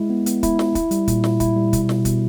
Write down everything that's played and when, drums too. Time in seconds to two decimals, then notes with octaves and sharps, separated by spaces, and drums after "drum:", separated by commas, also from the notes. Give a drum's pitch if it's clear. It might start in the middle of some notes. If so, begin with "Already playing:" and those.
Already playing: G#3 E4
0.10 B3
0.26 B3, drum: hi-hat
0.43 E4, drum: kick, hi-hat
0.59 E4, drum: snare
0.75 E4, drum: kick, hi-hat
0.91 G3, drum: hi-hat
1.08 A#2, drum: kick, hi-hat
1.24 E4, drum: snare
1.40 E4, drum: kick, hi-hat
1.56 G3
1.73 B2, drum: kick, hi-hat
1.89 B2, drum: snare
2.05 B2, drum: kick, hi-hat